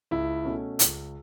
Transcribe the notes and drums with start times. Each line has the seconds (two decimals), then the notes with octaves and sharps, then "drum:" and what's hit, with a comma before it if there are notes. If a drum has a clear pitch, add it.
0.11 C#2 E4 E5
0.45 B2 A3 C#4
0.79 C#2, drum: hi-hat